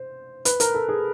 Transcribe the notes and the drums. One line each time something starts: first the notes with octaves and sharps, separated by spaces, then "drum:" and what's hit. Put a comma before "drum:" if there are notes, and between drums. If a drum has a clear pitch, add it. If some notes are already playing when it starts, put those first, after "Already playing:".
Already playing: C5
B4, drum: hi-hat
A#4, drum: hi-hat
A4
G#4